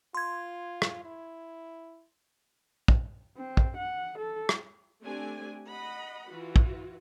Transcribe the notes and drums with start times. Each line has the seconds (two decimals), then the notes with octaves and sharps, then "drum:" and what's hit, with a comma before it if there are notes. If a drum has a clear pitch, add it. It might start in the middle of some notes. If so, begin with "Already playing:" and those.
0.15 F4 C6 G#6
0.82 drum: rim click
1.05 E4
2.88 drum: kick
3.37 C4
3.57 drum: kick
3.77 F#5
4.19 A4
4.49 drum: rim click
5.03 A3 C4 D4 G4 G#5
5.70 D#5 F#5 B5
6.29 E3 F4 F#4
6.56 drum: kick